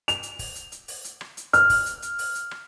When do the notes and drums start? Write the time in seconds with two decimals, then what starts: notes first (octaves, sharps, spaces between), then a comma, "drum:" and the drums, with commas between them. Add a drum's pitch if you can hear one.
0.08 F7, drum: hi-hat
0.23 drum: hi-hat
0.39 drum: kick, open hi-hat
0.55 drum: hi-hat
0.72 drum: hi-hat
0.88 drum: open hi-hat
1.04 drum: hi-hat
1.21 drum: rim click
1.37 drum: hi-hat
1.53 F6, drum: hi-hat
1.70 drum: kick, open hi-hat
1.86 drum: hi-hat
2.02 drum: hi-hat
2.19 drum: open hi-hat
2.35 drum: hi-hat
2.51 drum: rim click